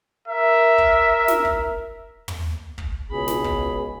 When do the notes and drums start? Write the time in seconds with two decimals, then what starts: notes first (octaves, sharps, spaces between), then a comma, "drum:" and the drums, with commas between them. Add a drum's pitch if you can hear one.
0.28 A#4 E5
0.78 drum: kick
1.28 drum: snare
1.45 drum: kick
2.28 drum: tom
2.78 drum: kick
3.11 C#2 B2 G#4 B5
3.28 drum: snare
3.44 drum: kick